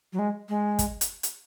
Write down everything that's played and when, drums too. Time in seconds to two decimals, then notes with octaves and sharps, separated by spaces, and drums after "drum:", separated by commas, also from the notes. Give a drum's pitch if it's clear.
0.13 F#3
0.19 G#3
0.49 G#3
0.79 drum: kick, hi-hat
1.01 drum: hi-hat
1.23 drum: hi-hat